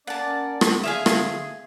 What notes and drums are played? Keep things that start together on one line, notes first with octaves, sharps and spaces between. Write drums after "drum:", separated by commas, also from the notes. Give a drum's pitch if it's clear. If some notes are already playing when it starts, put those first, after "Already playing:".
A#3 C#4 D5 F#5 A5
drum: rim click
D3 G#4 E5 F5 G#5
drum: rim click